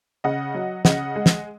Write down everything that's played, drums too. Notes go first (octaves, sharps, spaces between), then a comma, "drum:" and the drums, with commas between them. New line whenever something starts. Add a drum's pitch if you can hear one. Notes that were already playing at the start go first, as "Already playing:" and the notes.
C#3 D#5 F#5
F#3
C#3 D#5 F#5, drum: snare
G#3
drum: snare